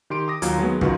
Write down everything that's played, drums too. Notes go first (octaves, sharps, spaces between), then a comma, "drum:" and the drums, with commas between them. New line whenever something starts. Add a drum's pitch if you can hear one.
D#3 G4 C6 D7
D6 D#6 A#6
D#2 F#3 F4 A#5 G#6, drum: hi-hat
D#3 F#3 G#3 B3
C#2 F#2 D#3 F4 F#4 B4, drum: kick